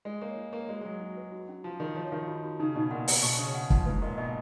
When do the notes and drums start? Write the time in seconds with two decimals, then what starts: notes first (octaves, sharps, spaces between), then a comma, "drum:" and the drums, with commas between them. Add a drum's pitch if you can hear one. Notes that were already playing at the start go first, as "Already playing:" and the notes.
0.05 G#3 F4
0.22 A#3 C#5
0.37 F4
0.53 A#3 C#5
0.69 G#3 F#4
0.81 G#3
0.85 F#3 F#5
1.01 F#4
1.17 B4
1.32 F#4
1.49 C#4
1.64 F3 F#4
1.80 D#3 F#4
1.95 F3 C#5
2.12 D#3 F5
2.28 F#4
2.44 F#4
2.60 C#3 D#4
2.75 B2 D#4
2.91 A#2 F#5
3.08 F#5, drum: open hi-hat
3.22 B2 C#6
3.39 C#3 C#5
3.55 F#5
3.70 F3 F#5, drum: kick
3.86 G#2 B4
4.02 A#2 D#5
4.18 B2 D#5